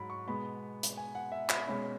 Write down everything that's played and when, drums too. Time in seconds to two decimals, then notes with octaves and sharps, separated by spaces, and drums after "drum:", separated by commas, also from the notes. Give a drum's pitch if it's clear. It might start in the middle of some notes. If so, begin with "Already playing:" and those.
Already playing: G#2 F#3 B5
0.10 C#6
0.27 B2 G#3 B3 B5
0.83 drum: hi-hat
0.97 G#5
1.15 F#5
1.32 E5
1.50 B5, drum: clap
1.68 B2 G#3 C#4 B5